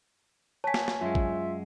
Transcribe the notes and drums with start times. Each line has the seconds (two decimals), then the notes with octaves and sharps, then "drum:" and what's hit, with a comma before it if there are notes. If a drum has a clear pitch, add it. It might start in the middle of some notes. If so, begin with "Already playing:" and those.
0.64 C#5 G#5 A5 B6
0.74 drum: snare
0.88 drum: snare
1.02 F#2 G#3 F4 E5
1.15 drum: kick